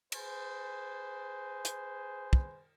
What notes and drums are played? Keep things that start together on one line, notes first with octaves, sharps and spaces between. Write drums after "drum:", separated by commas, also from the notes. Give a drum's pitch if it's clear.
G#4 B4 C5 G#5, drum: cymbal
drum: hi-hat
drum: kick